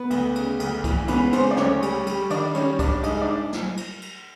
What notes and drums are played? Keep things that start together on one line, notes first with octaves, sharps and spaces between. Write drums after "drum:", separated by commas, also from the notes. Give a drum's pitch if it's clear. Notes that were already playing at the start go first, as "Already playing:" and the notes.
Already playing: B3 B4
D2, drum: cymbal
C#3, drum: cymbal
D2, drum: cymbal
E3, drum: kick C2, cymbal
C#2 B3 B4, drum: cymbal
C#2 C4 C5, drum: cymbal
D5
D2 C#4 C#5, drum: snare
G3, drum: cymbal
G3, drum: cymbal
D#3 D4 D5, drum: cymbal
G3 C#4 C#5, drum: cymbal
G3 D4 D5, drum: kick C2, cymbal
G#2 D#4 D#5, drum: cymbal
D4 D5
drum: snare
drum: cymbal
drum: cymbal